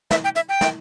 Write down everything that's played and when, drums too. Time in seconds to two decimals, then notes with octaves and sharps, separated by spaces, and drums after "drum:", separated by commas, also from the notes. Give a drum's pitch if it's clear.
0.11 E5, drum: snare
0.24 G5
0.36 E5, drum: hi-hat
0.49 G5
0.61 drum: snare